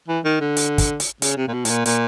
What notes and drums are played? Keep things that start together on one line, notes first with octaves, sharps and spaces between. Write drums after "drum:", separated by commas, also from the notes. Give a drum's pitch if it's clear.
E3
D#3
D3
drum: hi-hat
drum: kick, hi-hat
drum: hi-hat
C#3, drum: hi-hat
C3
A#2
B2
A2, drum: hi-hat
A#2
A#2, drum: hi-hat